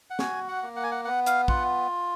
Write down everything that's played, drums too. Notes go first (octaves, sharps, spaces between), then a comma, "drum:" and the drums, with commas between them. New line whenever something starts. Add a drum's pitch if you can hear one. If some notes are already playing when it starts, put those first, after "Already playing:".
F#5
F#4 G#5, drum: snare
F#5
A#3
F#5
G#5
F#5
B3 F#5
F5, drum: hi-hat
F4 F#5, drum: kick